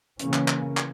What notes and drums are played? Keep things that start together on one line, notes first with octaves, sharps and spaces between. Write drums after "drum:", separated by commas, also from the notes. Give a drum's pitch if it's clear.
C#3 E3 A#3 C#4, drum: hi-hat
drum: clap
drum: clap
drum: clap